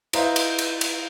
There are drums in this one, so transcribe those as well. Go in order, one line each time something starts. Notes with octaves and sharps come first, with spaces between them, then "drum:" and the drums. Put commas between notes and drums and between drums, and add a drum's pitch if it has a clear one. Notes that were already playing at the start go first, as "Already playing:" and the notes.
E4 B4 C5 D#5 F5 A#5, drum: cymbal
drum: cymbal
drum: cymbal
drum: cymbal